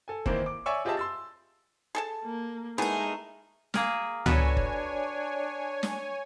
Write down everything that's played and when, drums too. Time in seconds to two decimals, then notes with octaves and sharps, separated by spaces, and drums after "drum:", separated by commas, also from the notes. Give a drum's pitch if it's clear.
0.08 A4 G#5
0.26 D#3 E3 A#3 C4, drum: kick F#1
0.46 D6
0.66 C#5 D5 E5 G#5 C#6 E6
0.85 F4 G4 G#4 D#5 E5 A5
0.97 C6 E6 A6
1.95 G#4 A4 A5
2.24 A#3
2.78 G#3 A3 B3 D#4 E4 G#4 A#4
3.74 A#3 G#4 A#4, drum: snare
4.26 B2 D4 F#4 A4 B4 C#5 G#5, drum: tom C#2
4.57 drum: kick F#1
5.83 drum: snare